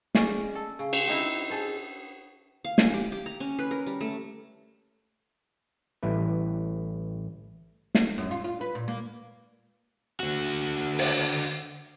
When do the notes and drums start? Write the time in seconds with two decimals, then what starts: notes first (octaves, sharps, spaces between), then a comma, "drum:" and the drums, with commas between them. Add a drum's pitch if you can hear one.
0.15 G#3 C#4 D5 D#5, drum: snare
0.55 A4
0.79 C#3
0.93 drum: cymbal
1.07 C4 D#4 E4 E5
1.50 G#4 A4 C5
2.65 F5
2.78 G#5, drum: snare
2.94 G4
3.12 G4
3.26 A#5
3.40 C#4
3.59 B4
3.71 A#4
3.87 G3
4.01 A3
6.03 A1 G3 E4 B4
7.95 drum: snare
8.18 F#2
8.31 F4
8.44 F4
8.61 B4
8.75 A#2
8.88 A#3
10.20 D3 F#4
10.99 drum: open hi-hat